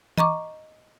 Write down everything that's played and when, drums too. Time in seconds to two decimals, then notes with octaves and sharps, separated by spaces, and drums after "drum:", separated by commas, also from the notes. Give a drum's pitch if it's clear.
0.18 D#5 A#5 C#6 D6, drum: tom E3